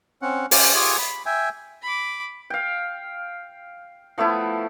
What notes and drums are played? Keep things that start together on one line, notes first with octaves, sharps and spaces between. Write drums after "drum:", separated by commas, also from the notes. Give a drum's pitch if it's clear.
C4 C#4 F#5
C#4 G4 C5, drum: open hi-hat
F4 G4 G#4 G#5 C#6
B5
E5 G5 G#5
B5 D6
F5 G5
F3 A3 B3 E4